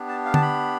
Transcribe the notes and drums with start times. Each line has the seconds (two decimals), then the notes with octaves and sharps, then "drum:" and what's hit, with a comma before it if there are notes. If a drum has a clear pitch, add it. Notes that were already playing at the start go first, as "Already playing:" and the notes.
Already playing: B3 D4 G4
0.08 A5
0.26 F5
0.34 A5, drum: tom D3
0.42 B5